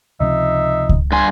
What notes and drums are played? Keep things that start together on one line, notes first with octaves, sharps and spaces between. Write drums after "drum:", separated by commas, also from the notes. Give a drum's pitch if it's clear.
C#2 C3 F3 D#4 E5
drum: kick C#2
G2 G#5 C6